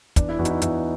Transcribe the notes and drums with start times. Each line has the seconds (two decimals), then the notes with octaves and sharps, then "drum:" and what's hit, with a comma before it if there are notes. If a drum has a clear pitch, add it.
0.16 E2 D4, drum: kick, hi-hat
0.29 E4
0.39 E2 F#4
0.45 D#4, drum: hi-hat
0.50 E4
0.62 E2 E4, drum: hi-hat